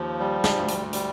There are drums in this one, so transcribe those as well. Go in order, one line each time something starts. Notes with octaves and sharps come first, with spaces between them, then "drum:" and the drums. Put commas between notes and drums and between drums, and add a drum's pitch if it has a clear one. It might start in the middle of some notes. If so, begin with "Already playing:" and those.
Already playing: D#2 F3
G3
drum: snare
D2
drum: hi-hat
G3, drum: hi-hat